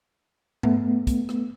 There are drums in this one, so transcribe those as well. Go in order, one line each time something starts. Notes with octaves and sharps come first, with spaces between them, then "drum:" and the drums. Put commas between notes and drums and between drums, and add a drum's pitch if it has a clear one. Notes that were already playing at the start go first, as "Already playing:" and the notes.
A3 B3, drum: tom G#2
drum: kick, hi-hat
drum: rim click